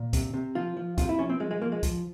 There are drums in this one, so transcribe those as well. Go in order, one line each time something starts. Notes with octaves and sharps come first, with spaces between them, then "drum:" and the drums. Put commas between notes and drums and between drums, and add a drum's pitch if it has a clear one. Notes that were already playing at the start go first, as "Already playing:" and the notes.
Already playing: A#2
C3, drum: kick, hi-hat
C3
F3 F4
F3
C3 F4, drum: kick, hi-hat
E4
F3 C#4
C4
F3 G#3
G#3
F3 A#3
G#3
F3, drum: kick, hi-hat